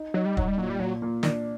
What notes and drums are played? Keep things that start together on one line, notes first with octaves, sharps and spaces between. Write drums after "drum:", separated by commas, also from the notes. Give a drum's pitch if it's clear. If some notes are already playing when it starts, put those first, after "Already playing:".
Already playing: D#4
F#3 D#4
G3
F#3 D#4, drum: kick
G3
A#2 F#3
G3
A#2 F#3
A#2
D#3 D4, drum: snare